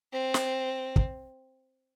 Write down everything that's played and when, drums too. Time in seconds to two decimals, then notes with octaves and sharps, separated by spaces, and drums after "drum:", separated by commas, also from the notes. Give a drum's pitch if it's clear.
0.13 C4
0.34 drum: snare
0.96 drum: kick